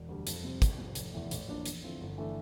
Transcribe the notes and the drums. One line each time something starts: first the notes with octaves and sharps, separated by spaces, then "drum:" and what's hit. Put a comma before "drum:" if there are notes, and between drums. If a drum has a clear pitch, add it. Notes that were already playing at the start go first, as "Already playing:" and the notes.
Already playing: E1
D2 D3 G3
F2, drum: hi-hat
C3 G3 C4
C2, drum: kick, hi-hat
C3 F3 C4
F1, drum: hi-hat
E2 E3 A3
A1, drum: hi-hat
G2 F3 A#3 D4
E2, drum: hi-hat
D3 F3 C4 E4
G1
E3 A3 D4